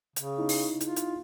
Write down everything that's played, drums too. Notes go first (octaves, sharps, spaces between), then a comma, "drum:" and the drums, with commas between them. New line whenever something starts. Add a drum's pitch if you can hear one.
C#3, drum: hi-hat
B3 D#4 E4
drum: open hi-hat
F4, drum: hi-hat
drum: hi-hat